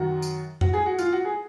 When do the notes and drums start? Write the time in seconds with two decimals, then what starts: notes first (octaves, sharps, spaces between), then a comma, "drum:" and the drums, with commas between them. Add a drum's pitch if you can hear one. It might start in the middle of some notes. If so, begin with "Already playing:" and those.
Already playing: F#2 D#3 F#3 F#4
0.22 drum: tambourine
0.61 F#4, drum: tom F2
0.73 G#4
0.86 F#4
0.99 F4, drum: tambourine
1.12 F#4
1.25 G#4